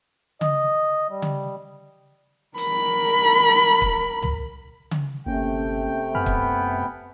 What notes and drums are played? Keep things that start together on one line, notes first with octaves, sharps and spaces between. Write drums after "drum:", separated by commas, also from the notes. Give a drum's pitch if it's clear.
D#5, drum: tom C#3
G3
drum: tom C#3
A#4 B5, drum: hi-hat
drum: kick
drum: tom
drum: tom C#3
G1 C3 A3 A#3 C#4 G5
F#2 B3 G#5 B5 F6
drum: kick